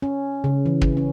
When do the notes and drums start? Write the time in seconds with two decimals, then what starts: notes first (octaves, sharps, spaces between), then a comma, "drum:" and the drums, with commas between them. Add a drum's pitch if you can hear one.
0.02 C#4
0.44 C#3
0.66 E3
0.81 drum: kick
0.97 C#4